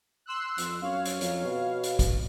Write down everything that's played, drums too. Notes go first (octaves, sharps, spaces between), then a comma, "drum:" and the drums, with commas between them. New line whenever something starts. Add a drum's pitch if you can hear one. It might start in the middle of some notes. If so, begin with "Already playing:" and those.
C6 E6 F#6
F2, drum: hi-hat
F#2 C#5 F5
drum: hi-hat
F2, drum: hi-hat
B2
drum: hi-hat
drum: kick, hi-hat